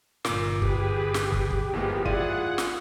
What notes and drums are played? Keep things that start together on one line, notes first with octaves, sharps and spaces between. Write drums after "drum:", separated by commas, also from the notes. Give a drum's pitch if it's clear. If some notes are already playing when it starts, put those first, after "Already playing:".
G1 A#2 D6, drum: snare
G4 G#4 B4, drum: kick
drum: snare
drum: kick
drum: kick
E2 E3 F3 G#3 A#3 B3
E4 F4 G#4 D5 F#5 D#7, drum: kick
drum: snare